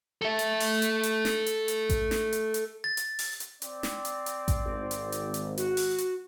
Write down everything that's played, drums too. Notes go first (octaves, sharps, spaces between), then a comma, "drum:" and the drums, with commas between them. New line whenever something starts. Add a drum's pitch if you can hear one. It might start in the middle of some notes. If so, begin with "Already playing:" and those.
A4 E5
drum: hi-hat
drum: open hi-hat
drum: hi-hat
drum: hi-hat
drum: snare
drum: hi-hat
drum: hi-hat
drum: kick A1, hi-hat
drum: snare
drum: hi-hat
drum: hi-hat
A6
drum: hi-hat
drum: open hi-hat
drum: hi-hat
C4 D5, drum: hi-hat
drum: snare
drum: hi-hat
drum: hi-hat
drum: kick A1, hi-hat
G#1
drum: hi-hat
drum: hi-hat
drum: hi-hat
F#4, drum: hi-hat
drum: open hi-hat
drum: hi-hat